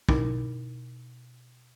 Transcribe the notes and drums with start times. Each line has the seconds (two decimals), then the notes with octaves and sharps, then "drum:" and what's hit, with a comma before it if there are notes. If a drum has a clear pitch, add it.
0.09 B2 D#4 E4 A#4, drum: kick